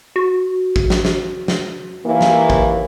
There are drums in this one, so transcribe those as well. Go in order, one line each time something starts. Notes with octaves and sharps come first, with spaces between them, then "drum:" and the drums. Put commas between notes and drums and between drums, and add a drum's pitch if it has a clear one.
F#4
drum: kick A1
drum: snare
drum: snare
drum: snare
D#2 E3 A#3
drum: snare
drum: kick A1